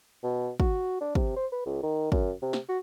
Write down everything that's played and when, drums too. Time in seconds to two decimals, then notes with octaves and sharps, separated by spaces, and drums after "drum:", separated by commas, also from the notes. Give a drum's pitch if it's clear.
0.23 B2
0.60 F#4, drum: kick
1.00 D4
1.15 C3, drum: kick
1.36 C5
1.52 B4
1.66 C#2
1.83 D#3
2.12 F#2, drum: kick
2.42 C3
2.53 drum: snare
2.68 F#4